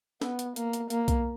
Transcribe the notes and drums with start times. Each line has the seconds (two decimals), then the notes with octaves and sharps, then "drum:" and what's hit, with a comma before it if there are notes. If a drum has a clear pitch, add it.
0.22 B3, drum: snare
0.39 drum: hi-hat
0.56 A#3, drum: hi-hat
0.73 drum: hi-hat
0.90 A#3, drum: hi-hat
1.08 drum: kick B1, hi-hat